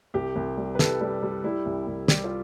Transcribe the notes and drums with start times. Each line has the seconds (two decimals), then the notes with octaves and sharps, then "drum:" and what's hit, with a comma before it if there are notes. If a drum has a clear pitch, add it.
0.14 C2 G4
0.36 C2
0.57 G3
0.75 B4
0.79 C2 A4, drum: snare
1.01 G3
1.23 G3
1.44 G3 E4
1.66 C2
1.87 C2
2.08 G3 G4, drum: snare
2.24 F4